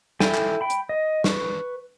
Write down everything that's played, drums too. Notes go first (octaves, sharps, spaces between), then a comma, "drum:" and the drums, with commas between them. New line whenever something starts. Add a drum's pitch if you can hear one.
E4 A4 G5 G#5, drum: snare
drum: clap
G5 B5
drum: hi-hat
D#5
B4 C#6, drum: snare